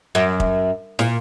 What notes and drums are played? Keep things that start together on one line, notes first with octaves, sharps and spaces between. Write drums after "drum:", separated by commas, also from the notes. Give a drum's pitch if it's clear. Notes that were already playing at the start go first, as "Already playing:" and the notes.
F#2
drum: kick
A#2, drum: snare